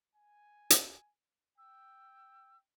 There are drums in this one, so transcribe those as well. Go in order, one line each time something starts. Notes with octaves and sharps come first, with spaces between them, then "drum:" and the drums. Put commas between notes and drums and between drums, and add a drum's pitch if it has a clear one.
G#5
drum: hi-hat
G5 E6